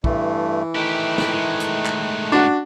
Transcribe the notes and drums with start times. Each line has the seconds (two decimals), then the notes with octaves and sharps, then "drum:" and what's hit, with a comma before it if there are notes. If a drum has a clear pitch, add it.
0.04 G2 E3 A3, drum: kick
0.75 D#3 A3 E4 G4 F#6
1.18 drum: snare
1.32 A2 G#3
1.60 drum: hi-hat
1.86 drum: clap
2.32 D4 F#4